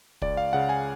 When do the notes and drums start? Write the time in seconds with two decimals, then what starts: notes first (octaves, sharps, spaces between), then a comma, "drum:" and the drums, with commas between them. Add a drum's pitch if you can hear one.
0.22 C#2 D5, drum: kick
0.37 F5
0.53 C#3 F#5
0.69 G#5